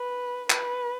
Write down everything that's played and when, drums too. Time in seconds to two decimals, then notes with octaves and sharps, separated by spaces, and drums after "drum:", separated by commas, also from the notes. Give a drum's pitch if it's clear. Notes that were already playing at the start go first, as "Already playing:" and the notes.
Already playing: B4
0.50 B4, drum: clap